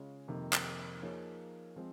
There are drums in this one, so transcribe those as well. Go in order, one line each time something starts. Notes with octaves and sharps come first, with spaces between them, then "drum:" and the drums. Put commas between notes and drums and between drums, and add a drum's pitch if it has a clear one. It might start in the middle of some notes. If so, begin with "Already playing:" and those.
Already playing: C#3 G#3 C#4 F4
F2 C3 D#3 A#3 D#4
drum: clap
F3 A#3 D#4 G#4 C#5
F3 G#3 C4